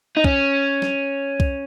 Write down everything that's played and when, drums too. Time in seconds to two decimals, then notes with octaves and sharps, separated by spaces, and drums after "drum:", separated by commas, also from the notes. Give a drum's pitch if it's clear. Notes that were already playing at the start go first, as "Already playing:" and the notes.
0.17 D#4
0.24 C#4, drum: kick
0.82 drum: snare
1.40 drum: kick